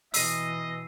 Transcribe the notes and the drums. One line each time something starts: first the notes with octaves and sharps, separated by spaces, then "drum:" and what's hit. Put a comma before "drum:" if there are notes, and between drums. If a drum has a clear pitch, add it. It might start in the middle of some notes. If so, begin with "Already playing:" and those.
B2 E3 D#5 E6 C7 D#7, drum: open hi-hat